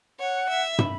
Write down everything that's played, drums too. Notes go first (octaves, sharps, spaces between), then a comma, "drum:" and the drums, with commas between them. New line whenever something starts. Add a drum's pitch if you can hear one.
C#5 F#5
E5
B5, drum: tom